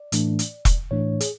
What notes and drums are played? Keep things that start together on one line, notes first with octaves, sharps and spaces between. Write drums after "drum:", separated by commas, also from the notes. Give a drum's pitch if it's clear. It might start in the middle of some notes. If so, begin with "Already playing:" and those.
Already playing: D5
A2 E3 A3 D4, drum: hi-hat
drum: hi-hat
drum: kick E1, hi-hat
A2 E3 A3 D4 C#5
G#4, drum: hi-hat